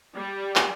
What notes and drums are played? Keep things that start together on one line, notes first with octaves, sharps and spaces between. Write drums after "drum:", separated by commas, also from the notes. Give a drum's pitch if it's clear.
G3
drum: clap